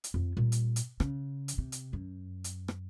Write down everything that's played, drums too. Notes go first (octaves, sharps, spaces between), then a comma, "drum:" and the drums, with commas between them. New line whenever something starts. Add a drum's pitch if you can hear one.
drum: hi-hat
F2
A#2 G3
drum: hi-hat
drum: hi-hat
C#3, drum: rim click
drum: hi-hat
C3
drum: hi-hat
F#2
drum: hi-hat
drum: rim click